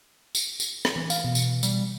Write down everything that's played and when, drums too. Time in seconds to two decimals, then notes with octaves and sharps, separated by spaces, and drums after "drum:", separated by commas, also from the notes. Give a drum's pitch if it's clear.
0.35 drum: tambourine
0.60 drum: tambourine
0.85 drum: rim click
0.96 E3
1.10 F5, drum: tambourine
1.24 B2
1.35 drum: tambourine
1.63 G3, drum: tambourine